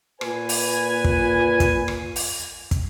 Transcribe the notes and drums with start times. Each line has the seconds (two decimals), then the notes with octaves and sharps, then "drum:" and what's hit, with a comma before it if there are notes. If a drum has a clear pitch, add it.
0.21 A#2 B4 G#5, drum: rim click
0.49 drum: open hi-hat
1.05 drum: kick
1.60 drum: kick, hi-hat
1.88 drum: rim click
2.16 drum: open hi-hat
2.71 drum: kick, hi-hat